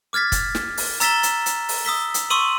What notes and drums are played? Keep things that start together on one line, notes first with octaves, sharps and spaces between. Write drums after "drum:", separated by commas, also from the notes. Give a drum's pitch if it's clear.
D6 F6 G#6 A6 B6
drum: kick, hi-hat
drum: snare
drum: open hi-hat
A#5 E6 A6 B6 E7 G7, drum: hi-hat
drum: hi-hat
drum: hi-hat
drum: open hi-hat
D#6 E6 B6 G7
drum: hi-hat
C6 C#6 D#6 E6 D#7 F#7